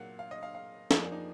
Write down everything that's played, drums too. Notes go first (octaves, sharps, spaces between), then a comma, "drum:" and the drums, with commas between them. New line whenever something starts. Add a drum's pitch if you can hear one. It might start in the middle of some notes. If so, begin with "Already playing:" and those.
Already playing: A#2 F#3 A#3 F5 F#5
F5
D#5
F5
F5
F2 F3 A#3 G#4, drum: snare
D4
D#4